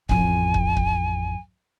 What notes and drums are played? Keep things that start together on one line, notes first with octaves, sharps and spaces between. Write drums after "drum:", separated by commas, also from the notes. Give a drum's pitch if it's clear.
A1 F2 G#5, drum: kick
drum: kick
drum: kick